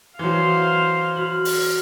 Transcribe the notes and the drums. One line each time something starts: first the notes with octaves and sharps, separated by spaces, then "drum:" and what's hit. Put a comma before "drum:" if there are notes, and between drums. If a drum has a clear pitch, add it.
E3 F#3 C5 F5
F#4 F6 F#7
drum: open hi-hat